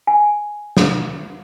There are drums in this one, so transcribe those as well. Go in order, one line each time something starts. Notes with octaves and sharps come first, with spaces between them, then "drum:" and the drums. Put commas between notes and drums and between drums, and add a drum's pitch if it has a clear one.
G#5
drum: snare